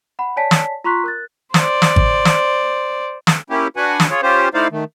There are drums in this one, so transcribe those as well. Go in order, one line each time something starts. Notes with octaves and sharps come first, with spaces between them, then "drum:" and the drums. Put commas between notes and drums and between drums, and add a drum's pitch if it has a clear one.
F#5 B5
C#5 D5 G#5 A5 B6
drum: snare
F4 A#5 C6 C#6 F#6 B6
A#4 F#6 A6
C5 D5, drum: snare
drum: snare
drum: kick G#1
drum: snare
drum: snare
A#3 C#4 E4 G4
D4 F#4 B4 F#5 G#5
drum: snare
F4 G#4 C#5
C#4 F4 G4 C5
A3 D#4 E4 C5 D5 F5
D#3 A3